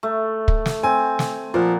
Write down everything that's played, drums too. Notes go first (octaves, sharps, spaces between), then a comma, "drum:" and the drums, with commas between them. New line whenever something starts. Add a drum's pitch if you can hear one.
A3
drum: kick
drum: snare
C4 G#5
drum: snare
A#2 F3 F#5